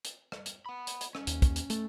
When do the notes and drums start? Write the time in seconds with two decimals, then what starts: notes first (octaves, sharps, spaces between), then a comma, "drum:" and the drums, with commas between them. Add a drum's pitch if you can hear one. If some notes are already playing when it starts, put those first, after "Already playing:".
0.05 drum: hi-hat
0.32 drum: rim click
0.46 drum: hi-hat
0.66 F#5 B5
0.87 drum: hi-hat
1.01 drum: hi-hat
1.15 C#4, drum: rim click
1.27 D#2, drum: hi-hat
1.42 drum: kick, hi-hat
1.56 drum: hi-hat
1.70 A3, drum: hi-hat